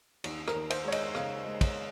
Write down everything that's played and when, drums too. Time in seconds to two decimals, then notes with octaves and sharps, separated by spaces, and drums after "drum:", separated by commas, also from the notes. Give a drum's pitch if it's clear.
0.24 D#2, drum: cymbal
0.48 A#4, drum: rim click
0.55 D#2
0.70 C5, drum: cymbal
0.84 G#3 C#5
0.92 D#5, drum: cymbal
1.15 C#3 F5, drum: rim click
1.46 G#3
1.61 drum: kick, cymbal